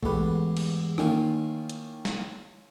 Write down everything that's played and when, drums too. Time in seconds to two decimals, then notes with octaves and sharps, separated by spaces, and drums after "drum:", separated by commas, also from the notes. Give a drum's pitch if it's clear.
0.03 E2 G#2 A3 G4 B4, drum: kick
0.57 drum: cymbal
0.98 D#3 A#3 C#4 E4 F4, drum: rim click
1.69 drum: hi-hat
2.05 drum: snare